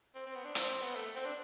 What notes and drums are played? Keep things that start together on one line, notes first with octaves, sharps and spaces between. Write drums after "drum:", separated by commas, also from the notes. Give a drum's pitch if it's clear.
C4
C4
B3
D4
C4, drum: hi-hat
C4
B3
A3
C4
D4